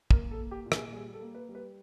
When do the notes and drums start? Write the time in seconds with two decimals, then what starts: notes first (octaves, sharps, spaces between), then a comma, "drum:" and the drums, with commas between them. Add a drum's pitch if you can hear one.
0.11 A#3 A#4, drum: kick
0.31 A4
0.38 A#3
0.51 G4
0.66 A#2
0.72 G#4, drum: rim click
0.92 G3 G#4
1.14 A4
1.21 A#3
1.35 B4
1.49 G3
1.55 B4